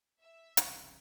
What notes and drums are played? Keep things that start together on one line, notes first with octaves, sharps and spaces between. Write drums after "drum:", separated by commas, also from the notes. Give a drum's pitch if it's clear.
E5
E1 C2 C#3 G5 C#6, drum: hi-hat